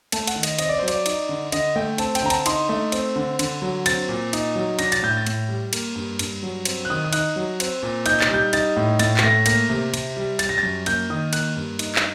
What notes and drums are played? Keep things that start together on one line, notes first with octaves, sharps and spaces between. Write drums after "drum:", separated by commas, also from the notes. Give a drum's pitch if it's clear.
A3 A5, drum: cymbal
F#5, drum: cymbal
D#3
D#5, drum: cymbal
C4 D#5, drum: cymbal
D5
F#3 C5
D5, drum: cymbal
D#4, drum: cymbal
D3
D3 D#5, drum: cymbal
A3 G5
C4 A5, drum: cymbal
G5, drum: cymbal
D3 A#5
A5, drum: cymbal
D#4 C6, drum: cymbal
A3
C4, drum: cymbal
D3
D3, drum: cymbal
F#3
C4 A6, drum: cymbal
A#2
D#4, drum: cymbal
F#3
D4 A#6, drum: cymbal
A6, drum: cymbal
A2 G6
A6
A2, drum: cymbal
G3
A#3, drum: cymbal
G2
G2, drum: cymbal
F#3
C4, drum: cymbal
F#6
D#3 D#6
D#6
D#4 F#6, drum: cymbal
F#3
C4, drum: cymbal
A#2
D#4 G6, drum: cymbal
A6, drum: clap
G3 G6
D#4 A6, drum: cymbal
A2
A2 A6, drum: cymbal
A6, drum: clap
A3 A#6
A#3 A#6, drum: cymbal
C3
C3, drum: cymbal
G3
G3 A6, drum: cymbal
A#6
A6
F#2
A#3 G6, drum: cymbal
D#3 D#6
A#3 F#6, drum: cymbal
G2
D#4, drum: cymbal
drum: clap